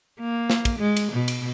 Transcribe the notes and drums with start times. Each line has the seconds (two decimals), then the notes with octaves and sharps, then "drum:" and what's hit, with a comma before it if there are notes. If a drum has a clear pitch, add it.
0.20 A#3
0.50 drum: snare
0.65 drum: kick, cymbal
0.79 G#3
0.97 drum: cymbal
1.12 B2
1.28 drum: cymbal